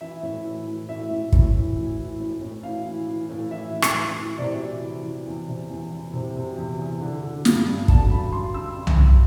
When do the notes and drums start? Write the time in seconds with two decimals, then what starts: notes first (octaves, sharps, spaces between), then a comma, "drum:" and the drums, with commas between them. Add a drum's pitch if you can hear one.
0.01 E3 E5
0.23 A2
0.44 E3
0.67 E3
0.89 A2 E5
1.10 A2
1.32 A2, drum: kick
1.54 E3
1.76 E3
1.98 E3
2.20 A2
2.41 A2
2.63 E3 F5
2.86 E3
3.07 E3
3.29 A2
3.51 E3 E5
3.73 E3
3.82 drum: rim click
3.94 E3
4.17 E3
4.38 C3 D5
4.60 E3
4.82 E3
5.04 E3
5.26 E2
5.48 C3
5.70 E2
5.92 E3
6.14 C3
6.36 C3
6.57 E2
6.79 E2
7.01 D3
7.23 D3
7.45 G2, drum: snare
7.67 G2
7.88 D3 A5, drum: kick
8.11 G2 B5
8.32 G2 C6
8.54 G2 E6
8.76 G2
8.87 drum: tom C2
8.98 G2